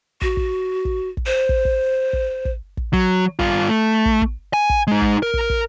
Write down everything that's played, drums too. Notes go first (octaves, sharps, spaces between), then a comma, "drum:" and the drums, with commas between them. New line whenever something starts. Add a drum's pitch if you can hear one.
F#4, drum: kick
drum: kick
drum: kick
drum: kick
C5
drum: kick
drum: kick
drum: kick
drum: kick
drum: kick
F#3, drum: kick
G2 F4, drum: kick
A3
drum: kick
drum: kick
G#5
drum: kick
G#3 D#4
drum: kick
A#4
drum: kick
drum: kick